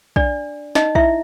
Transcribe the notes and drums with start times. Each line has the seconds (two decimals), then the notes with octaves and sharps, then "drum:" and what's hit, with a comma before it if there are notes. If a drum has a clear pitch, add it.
0.16 D4 D5, drum: kick A#1
0.75 D#4 D#5, drum: snare
0.95 E4 E5, drum: kick A#1